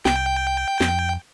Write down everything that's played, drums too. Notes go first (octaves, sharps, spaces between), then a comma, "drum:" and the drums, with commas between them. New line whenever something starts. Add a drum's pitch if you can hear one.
C2 G5, drum: snare
F2, drum: snare